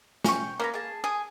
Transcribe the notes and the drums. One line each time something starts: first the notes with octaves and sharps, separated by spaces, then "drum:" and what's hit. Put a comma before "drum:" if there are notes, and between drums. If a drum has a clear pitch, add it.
C#4 G5 C#6, drum: snare
A#3 C#4 B4 A#5
G#4 A5
G#4 D#6